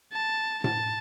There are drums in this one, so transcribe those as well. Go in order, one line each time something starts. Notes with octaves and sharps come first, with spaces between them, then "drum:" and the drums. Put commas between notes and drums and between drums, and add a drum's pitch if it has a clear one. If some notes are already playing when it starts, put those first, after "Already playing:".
A5
A5, drum: tom A2